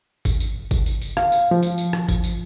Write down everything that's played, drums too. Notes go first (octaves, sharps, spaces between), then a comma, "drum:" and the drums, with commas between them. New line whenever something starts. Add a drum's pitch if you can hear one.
drum: kick G1, tambourine
drum: tambourine
drum: kick G1, tambourine
drum: tambourine
drum: tambourine
F5, drum: rim click
drum: tambourine
F3
drum: tambourine
drum: tambourine
drum: rim click
drum: kick G1, tambourine
drum: tambourine